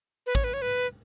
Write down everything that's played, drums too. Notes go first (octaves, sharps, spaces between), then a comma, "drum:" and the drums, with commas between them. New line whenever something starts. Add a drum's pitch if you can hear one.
B4
C#5, drum: kick
B4
C#5
B4